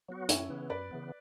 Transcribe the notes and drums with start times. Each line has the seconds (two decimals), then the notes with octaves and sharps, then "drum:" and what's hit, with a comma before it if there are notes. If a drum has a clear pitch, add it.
0.09 F#3 B3 F#4
0.29 F#2 C#4 E4, drum: hi-hat
0.50 C#3 E3 B3
0.70 F#2 B4 D5
0.91 C#3 E3 B3